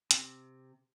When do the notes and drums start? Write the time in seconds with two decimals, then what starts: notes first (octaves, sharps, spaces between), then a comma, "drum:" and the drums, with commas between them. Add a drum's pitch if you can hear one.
0.11 C3, drum: hi-hat